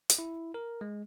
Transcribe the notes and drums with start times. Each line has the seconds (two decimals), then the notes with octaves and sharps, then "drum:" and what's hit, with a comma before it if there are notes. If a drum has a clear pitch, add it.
0.10 drum: hi-hat
0.19 E4
0.54 A#4
0.81 G#3